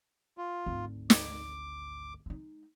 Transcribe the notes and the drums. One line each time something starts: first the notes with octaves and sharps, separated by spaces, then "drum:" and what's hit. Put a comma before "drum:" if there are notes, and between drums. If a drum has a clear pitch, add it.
F4
G#1 D2
D6, drum: snare
G#3 D#4